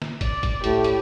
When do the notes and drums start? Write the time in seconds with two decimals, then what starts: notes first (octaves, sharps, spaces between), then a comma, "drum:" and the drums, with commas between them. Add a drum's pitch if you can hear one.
0.02 drum: snare
0.21 D5, drum: kick, hi-hat
0.43 drum: kick, hi-hat
0.64 A2 G4, drum: hi-hat
0.84 drum: hi-hat